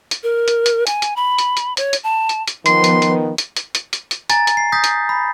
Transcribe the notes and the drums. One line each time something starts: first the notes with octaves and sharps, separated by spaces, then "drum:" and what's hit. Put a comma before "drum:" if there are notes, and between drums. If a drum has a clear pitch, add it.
drum: hi-hat
A#4
drum: hi-hat
drum: hi-hat
G#5, drum: hi-hat
drum: hi-hat
B5
drum: hi-hat
drum: hi-hat
C#5, drum: hi-hat
drum: hi-hat
A5
drum: hi-hat
drum: hi-hat
D#3 F3 B3 C6, drum: hi-hat
drum: hi-hat
drum: hi-hat
drum: hi-hat
drum: hi-hat
drum: hi-hat
drum: hi-hat
drum: hi-hat
G#5 A#5 A6, drum: hi-hat
drum: hi-hat
C7
D#6 G6 A#6 B6
drum: hi-hat
B5